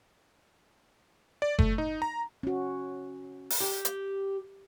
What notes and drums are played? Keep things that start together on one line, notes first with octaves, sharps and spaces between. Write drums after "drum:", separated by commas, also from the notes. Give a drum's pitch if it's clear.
D5
A3, drum: kick F#1
D#4
A#5
C#4 F#4
drum: open hi-hat
G4
drum: hi-hat